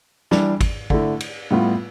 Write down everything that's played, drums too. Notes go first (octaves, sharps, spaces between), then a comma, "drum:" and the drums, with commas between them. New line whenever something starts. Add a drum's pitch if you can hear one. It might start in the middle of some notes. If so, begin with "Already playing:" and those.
E3 G3 D4, drum: snare
drum: kick, cymbal
D3 A3 E4, drum: kick
drum: cymbal
A2 G3 B3 F4